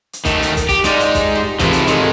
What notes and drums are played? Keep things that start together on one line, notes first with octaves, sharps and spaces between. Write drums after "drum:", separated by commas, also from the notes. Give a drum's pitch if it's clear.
drum: hi-hat
D#3 A3, drum: kick, hi-hat
drum: hi-hat
drum: kick, hi-hat
G4, drum: kick, hi-hat
G#3 D#4 F4 G4 D5, drum: hi-hat
drum: hi-hat
drum: kick, hi-hat
G4
G#2 C3 E3 F3 A3 E4, drum: kick, hi-hat
drum: hi-hat
D#3 G#3 F4 A4 C#5, drum: hi-hat